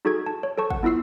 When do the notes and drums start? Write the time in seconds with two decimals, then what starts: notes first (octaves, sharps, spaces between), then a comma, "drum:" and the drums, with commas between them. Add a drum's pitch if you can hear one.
0.05 D#4 F#4 G#4 A4 G#6
0.26 A5
0.43 C#5
0.58 A4 C5 A5 C#6
0.70 F#5, drum: kick
0.83 B3 E4 F4 E6 C7